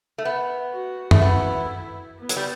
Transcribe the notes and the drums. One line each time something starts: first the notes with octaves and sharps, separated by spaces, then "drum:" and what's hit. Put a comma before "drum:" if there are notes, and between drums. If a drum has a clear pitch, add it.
A3
B3
F#4
A3, drum: tom F#2
B3 E4
B3
F#3, drum: hi-hat
G3